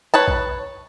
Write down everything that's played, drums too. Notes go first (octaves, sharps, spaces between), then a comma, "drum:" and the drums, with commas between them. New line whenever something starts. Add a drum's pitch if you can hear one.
B4 C#5 A5
drum: kick A#1